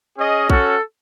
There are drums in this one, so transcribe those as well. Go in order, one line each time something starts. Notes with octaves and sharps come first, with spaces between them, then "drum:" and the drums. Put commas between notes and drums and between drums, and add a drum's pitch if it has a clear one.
C#4 G#4 D#5
C#4 F#4 A4, drum: kick